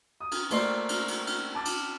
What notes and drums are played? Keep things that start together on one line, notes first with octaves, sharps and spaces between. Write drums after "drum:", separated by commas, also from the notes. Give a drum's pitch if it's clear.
D#6
drum: cymbal
A3 A#3 C5 D5 C7, drum: cymbal
drum: cymbal
drum: cymbal
drum: cymbal
A5 D6 A6
drum: cymbal